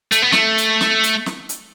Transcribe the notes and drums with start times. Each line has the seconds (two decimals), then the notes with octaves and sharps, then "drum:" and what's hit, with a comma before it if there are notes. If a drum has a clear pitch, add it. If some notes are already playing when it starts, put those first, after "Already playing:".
0.12 A3, drum: hi-hat
0.22 B3
0.32 A3, drum: snare
0.58 drum: hi-hat
0.81 drum: snare
1.03 drum: hi-hat
1.26 drum: snare
1.49 drum: hi-hat